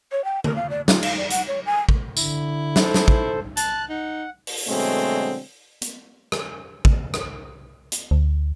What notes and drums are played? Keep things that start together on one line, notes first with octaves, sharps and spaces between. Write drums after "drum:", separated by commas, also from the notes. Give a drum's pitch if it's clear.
C#5
G5
A#4, drum: tom D3
F5
D5
F4, drum: snare
F5, drum: cymbal
D5
F#5, drum: hi-hat
C#5
G#5
drum: kick
D3 E4, drum: tambourine
A4 C5, drum: snare
drum: snare
drum: kick
A5 F#6, drum: hi-hat
D#4 F#5
drum: open hi-hat
B2 D3 F#3 G#3 A3 C4
drum: hi-hat
drum: rim click
drum: kick
drum: rim click
drum: hi-hat
D2